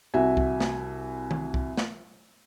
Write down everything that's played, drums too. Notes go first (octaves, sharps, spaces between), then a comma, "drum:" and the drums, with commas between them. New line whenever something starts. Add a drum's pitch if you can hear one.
C2 F#4 E5 G#5
drum: kick
drum: snare
drum: tom D#3
drum: kick
drum: snare